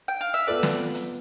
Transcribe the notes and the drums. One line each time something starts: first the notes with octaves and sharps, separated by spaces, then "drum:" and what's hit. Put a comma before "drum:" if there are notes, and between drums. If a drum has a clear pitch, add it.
G5
F5
E5
B3 F4 A4 B4 D5
drum: snare
drum: hi-hat